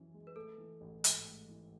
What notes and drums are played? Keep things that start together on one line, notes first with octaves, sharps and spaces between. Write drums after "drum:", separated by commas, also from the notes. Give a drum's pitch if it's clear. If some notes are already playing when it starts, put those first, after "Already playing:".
Already playing: F#2 E3 C#4
G#3
B4
A3 A4
E3
A1
G#2, drum: hi-hat
A3
E3